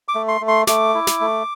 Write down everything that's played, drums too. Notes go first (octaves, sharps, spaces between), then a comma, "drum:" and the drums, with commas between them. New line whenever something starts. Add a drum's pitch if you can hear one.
D6
A3
C6
A3
C6
A3 D6, drum: snare
E4
drum: snare
A3